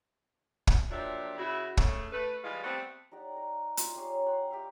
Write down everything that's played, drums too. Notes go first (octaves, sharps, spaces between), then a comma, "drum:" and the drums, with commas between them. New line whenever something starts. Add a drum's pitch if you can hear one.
drum: kick
A#2 F3 F#3 D4 G4 E5
C#3 E4 F#4
C#3 A3, drum: kick
A3 B4
E3 G3 G#3 F4 G#4 F5
G3 A3 B3 C4
D#4 G4 D5 F#5
A#4
F4, drum: hi-hat
A#3 G4 G#4 C#5
F#5 G5 C6
G4 E5 F5